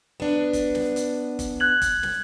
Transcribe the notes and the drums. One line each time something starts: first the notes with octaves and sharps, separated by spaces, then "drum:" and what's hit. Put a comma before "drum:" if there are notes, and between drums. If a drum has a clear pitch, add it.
B3 D4
drum: kick, hi-hat
drum: snare
drum: hi-hat
drum: kick, hi-hat
F#6 G#6 F#7
drum: kick, hi-hat
drum: snare